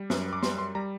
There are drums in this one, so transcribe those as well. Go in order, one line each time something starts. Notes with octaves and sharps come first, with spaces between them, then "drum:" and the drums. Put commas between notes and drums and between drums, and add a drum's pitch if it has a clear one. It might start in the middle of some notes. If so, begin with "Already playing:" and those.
Already playing: G3
F#2, drum: snare
D6
G3 C6, drum: snare
C6
G3 A#5